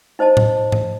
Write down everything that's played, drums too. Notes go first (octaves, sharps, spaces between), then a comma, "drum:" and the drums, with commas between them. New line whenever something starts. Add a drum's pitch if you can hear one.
D#4 C5 D#5 A5
drum: tom A2
drum: tom G#2